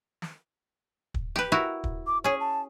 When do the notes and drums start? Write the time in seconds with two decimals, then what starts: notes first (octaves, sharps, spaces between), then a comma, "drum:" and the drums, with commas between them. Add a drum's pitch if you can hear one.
0.22 drum: snare
1.14 drum: kick
1.36 G4 B4, drum: snare
1.52 E4 F#4 A#4
1.84 drum: kick
2.07 D6
2.24 C#4 G#4 C#5
2.40 A5